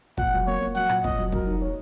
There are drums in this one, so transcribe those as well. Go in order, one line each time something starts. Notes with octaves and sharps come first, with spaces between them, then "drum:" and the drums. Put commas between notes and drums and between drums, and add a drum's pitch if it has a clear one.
A#2 F#5, drum: kick
F#3
A#3 C#5
A#3
F#3 F#5
A#2, drum: rim click
A#2 D#5, drum: kick
F#3
F#3 A#4, drum: kick
D#4
C#5